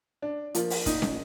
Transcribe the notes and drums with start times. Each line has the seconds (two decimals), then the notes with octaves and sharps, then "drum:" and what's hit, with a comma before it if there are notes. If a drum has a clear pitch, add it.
0.22 D4
0.55 F3 A#3 F4, drum: hi-hat
0.70 drum: open hi-hat
0.86 A#2 D#4, drum: kick, hi-hat
1.02 drum: snare